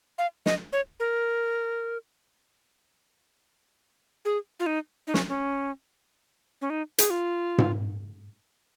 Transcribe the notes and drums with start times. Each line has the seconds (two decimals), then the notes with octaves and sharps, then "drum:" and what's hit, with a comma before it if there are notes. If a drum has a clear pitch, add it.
0.18 F5
0.46 D#5, drum: snare
0.73 C#5
1.00 A#4
4.25 G#4
4.60 F4
4.66 D#4
5.07 D#4
5.14 C#4, drum: snare
5.29 C#4
6.61 C#4
6.70 D#4
6.98 G#4, drum: hi-hat
7.10 F4
7.58 drum: tom G#2